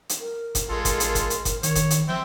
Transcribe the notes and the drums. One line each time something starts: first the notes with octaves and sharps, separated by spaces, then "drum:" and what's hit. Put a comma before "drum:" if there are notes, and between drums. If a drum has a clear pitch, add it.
drum: hi-hat
A#4
drum: kick F#1, hi-hat
A1 G#3 F4 A4
drum: kick F#1, hi-hat
drum: hi-hat
drum: kick F#1, hi-hat
drum: hi-hat
drum: kick F#1, hi-hat
D#3 C#5, drum: hi-hat
drum: kick F#1, hi-hat
drum: hi-hat
F3 C4 E5 G5